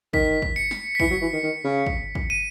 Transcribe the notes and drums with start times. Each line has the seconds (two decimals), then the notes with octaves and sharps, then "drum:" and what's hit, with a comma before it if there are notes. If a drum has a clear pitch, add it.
0.13 D#3 B6, drum: kick
0.42 drum: kick
0.56 C#7
0.71 drum: snare
0.95 B6
1.00 E3 C#7, drum: kick
1.11 F#3
1.22 E3
1.33 D#3
1.43 D#3
1.64 C#3
1.86 drum: kick
2.15 drum: kick
2.30 D#7